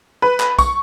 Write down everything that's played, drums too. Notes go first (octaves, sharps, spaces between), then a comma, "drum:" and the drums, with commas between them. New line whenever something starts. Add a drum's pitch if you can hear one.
B4
drum: clap
C#6, drum: kick B1, tambourine